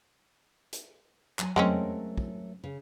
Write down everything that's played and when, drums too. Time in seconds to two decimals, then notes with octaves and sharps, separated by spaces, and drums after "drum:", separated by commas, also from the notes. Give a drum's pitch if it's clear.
0.73 drum: hi-hat
1.39 F#3 G#5, drum: clap
1.56 F#3 G#3 A3 C4 C#4 A#4, drum: tom E2
2.17 drum: kick
2.64 C#3